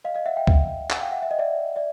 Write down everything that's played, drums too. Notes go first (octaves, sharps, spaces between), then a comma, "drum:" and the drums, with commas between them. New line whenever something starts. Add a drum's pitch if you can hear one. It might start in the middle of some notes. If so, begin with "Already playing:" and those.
D#5 F5
D#5 F5
E5 F#5
F5 G5
drum: kick
F#5 G#5, drum: clap
F5 G5
E5 F#5
E5
D#5
D5 E5
D5 E5